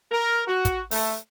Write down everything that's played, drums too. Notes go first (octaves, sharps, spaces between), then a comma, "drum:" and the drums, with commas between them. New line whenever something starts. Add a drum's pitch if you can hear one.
A#4
F#4
drum: kick, hi-hat
A3, drum: open hi-hat